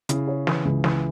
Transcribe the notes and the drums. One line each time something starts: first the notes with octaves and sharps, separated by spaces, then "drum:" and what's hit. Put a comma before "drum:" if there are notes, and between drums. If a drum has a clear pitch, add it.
C#3 E4, drum: hi-hat
C#5
E3, drum: snare
C#2
E3, drum: snare